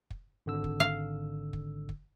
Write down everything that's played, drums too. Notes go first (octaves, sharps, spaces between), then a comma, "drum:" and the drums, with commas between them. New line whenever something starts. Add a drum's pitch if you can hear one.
drum: kick
G#1 D3 E6
drum: kick
F5
drum: kick
drum: kick